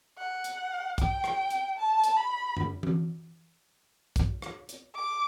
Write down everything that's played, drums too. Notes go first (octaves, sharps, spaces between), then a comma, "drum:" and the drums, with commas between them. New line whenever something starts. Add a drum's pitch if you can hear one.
F#5
drum: hi-hat
G5, drum: kick, hi-hat
drum: rim click
drum: hi-hat
A5
drum: hi-hat
B5
drum: tom F#2
drum: tom E3
drum: kick, hi-hat
drum: rim click
drum: hi-hat
D6